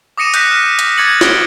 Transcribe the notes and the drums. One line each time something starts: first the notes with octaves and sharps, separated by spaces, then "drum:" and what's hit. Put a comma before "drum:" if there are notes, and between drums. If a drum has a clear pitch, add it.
D6 D#6 A#6 C#7 D#7 E7
F#6 G6 A#6 B6, drum: hi-hat
F6 E7
drum: hi-hat
D6 G#6 A6 C#7 F#7
D7 G7, drum: snare